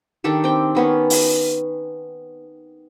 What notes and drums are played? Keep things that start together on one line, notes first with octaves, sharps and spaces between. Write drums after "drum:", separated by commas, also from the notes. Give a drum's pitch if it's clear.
D#3 D4 G4 A4
C4 G5
D#3 B3 C#4
drum: open hi-hat